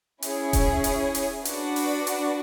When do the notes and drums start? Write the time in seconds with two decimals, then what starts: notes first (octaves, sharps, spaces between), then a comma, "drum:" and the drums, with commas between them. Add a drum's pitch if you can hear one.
0.22 C#4 E4 G#4 C#5, drum: hi-hat
0.53 drum: kick D#1, hi-hat
0.84 drum: hi-hat
1.15 drum: hi-hat
1.45 D4 F#4 B4 D5, drum: hi-hat
1.76 drum: open hi-hat
2.07 drum: hi-hat